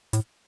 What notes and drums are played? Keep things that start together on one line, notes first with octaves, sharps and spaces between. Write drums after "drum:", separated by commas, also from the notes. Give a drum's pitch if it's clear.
A2, drum: hi-hat